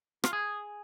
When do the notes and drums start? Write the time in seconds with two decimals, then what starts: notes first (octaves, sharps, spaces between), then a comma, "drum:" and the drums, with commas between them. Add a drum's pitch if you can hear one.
0.24 F4, drum: rim click
0.33 G#4